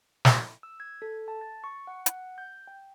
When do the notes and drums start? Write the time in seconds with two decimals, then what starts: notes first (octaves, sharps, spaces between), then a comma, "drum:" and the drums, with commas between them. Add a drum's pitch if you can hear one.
0.25 drum: snare
0.63 E6
0.80 G#6
1.02 A4
1.28 A5
1.41 A6
1.64 C#6
1.87 F#5
2.06 F#5, drum: hi-hat
2.38 G6
2.67 G5